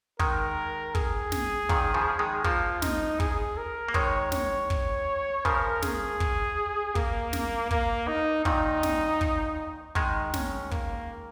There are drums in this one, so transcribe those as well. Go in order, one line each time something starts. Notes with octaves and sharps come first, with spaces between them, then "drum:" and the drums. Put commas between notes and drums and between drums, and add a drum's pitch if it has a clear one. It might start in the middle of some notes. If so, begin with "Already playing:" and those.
D#3 G#3 A#4, drum: kick
G#4, drum: kick
drum: snare
A#2 D#3, drum: kick
C#3 F3
D#3 G#3
F3 A#3 F4, drum: kick
D#4, drum: snare
G#4, drum: kick
A#4
A#3
D#3 G#3 C#5, drum: kick
C#5, drum: snare
drum: kick
C#3 F3 A#4, drum: kick
G#4, drum: snare
drum: kick
A#3, drum: kick
drum: snare
A#3, drum: kick
D#4
A#2 D#3 D#4, drum: kick
drum: snare
drum: kick
D#3 G#3 D#4, drum: kick
C#4, drum: snare
A#3, drum: kick